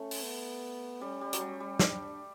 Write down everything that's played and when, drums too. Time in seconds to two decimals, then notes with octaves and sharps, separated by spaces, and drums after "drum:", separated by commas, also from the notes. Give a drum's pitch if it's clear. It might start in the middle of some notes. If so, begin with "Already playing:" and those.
Already playing: A3 C#4
0.11 drum: open hi-hat
0.24 B3
1.01 G3 C#4
1.21 G3
1.33 F#3, drum: hi-hat
1.41 G3
1.60 G3
1.79 D4, drum: snare